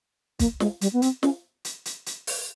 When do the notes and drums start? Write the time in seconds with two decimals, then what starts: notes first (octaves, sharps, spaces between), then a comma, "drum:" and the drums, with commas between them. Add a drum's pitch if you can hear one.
0.39 A#3, drum: kick, hi-hat
0.60 G#3, drum: snare
0.81 G3, drum: hi-hat
0.93 B3
1.02 C4, drum: hi-hat
1.23 C#4, drum: snare
1.65 drum: hi-hat
1.85 drum: hi-hat
2.06 drum: hi-hat
2.27 drum: open hi-hat